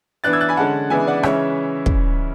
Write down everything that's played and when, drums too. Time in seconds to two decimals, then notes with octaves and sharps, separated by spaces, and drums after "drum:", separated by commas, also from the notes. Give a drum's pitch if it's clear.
0.24 E3 B3 D4 F#6 A6
0.33 E6 G#6
0.41 F#6 A6
0.49 G#5 B5
0.57 D3 G#3 C#4 F#5 A5
0.90 C#3 E3 G#3 B3 D4 E5 G#5
1.07 D5 F#5
1.23 C#3 E3 G#3 C#4 C#5 E5, drum: rim click
1.86 drum: kick